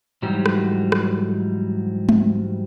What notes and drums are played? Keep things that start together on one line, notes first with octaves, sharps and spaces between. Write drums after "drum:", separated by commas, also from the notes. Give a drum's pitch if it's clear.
G#2 E3 F#3 G3
drum: rim click
drum: rim click
drum: tom G#3